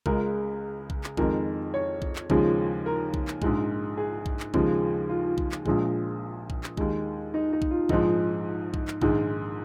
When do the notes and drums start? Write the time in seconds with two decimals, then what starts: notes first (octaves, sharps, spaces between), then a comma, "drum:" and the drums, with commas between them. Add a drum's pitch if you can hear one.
0.06 C#2 C#3 G#3 A#4, drum: kick B1
0.90 drum: kick B1
1.04 drum: clap
1.17 F2 D#3 G#3 A#4, drum: kick B1
1.74 C#5
2.02 drum: kick B1
2.16 drum: clap
2.30 D#2 C#3 F3 G#3, drum: kick B1
2.86 A#4
3.14 drum: kick B1
3.28 drum: clap
3.42 A#1 G#2 G#3, drum: kick B1
3.97 G#4
4.26 drum: kick B1
4.40 drum: clap
4.54 D#2 C#3 F3 G#3, drum: kick B1
5.09 F4
5.38 drum: kick B1
5.52 drum: clap
5.66 A#1 A#2 F3 G#3, drum: kick B1
6.50 drum: kick B1
6.64 drum: clap
6.77 D#2 D#3 G#3, drum: kick B1
7.34 D#4
7.53 D#4
7.62 drum: kick B1
7.71 F4
7.89 A#1 G#2 F3 G#3 D#4, drum: kick B1
8.74 drum: kick B1
8.88 drum: clap
9.02 A#1 G#2 D#3 G#3, drum: kick B1